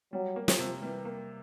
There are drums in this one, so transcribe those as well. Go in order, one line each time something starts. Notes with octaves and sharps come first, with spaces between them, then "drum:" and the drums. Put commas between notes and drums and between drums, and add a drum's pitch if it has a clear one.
F#3 G3
A#3
F3, drum: snare
C3
E3 G3
A#3